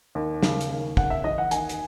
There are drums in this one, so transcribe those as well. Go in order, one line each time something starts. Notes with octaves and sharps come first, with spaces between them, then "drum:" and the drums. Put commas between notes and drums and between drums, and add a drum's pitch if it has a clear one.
D#2
C#3, drum: snare
drum: hi-hat
D#2
C#3 F#5, drum: kick
E5
E3 D#5
F#5
D#2 G#5, drum: hi-hat
drum: hi-hat